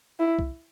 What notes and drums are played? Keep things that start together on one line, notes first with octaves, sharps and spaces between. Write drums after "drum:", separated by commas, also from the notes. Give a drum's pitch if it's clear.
E4
drum: kick C2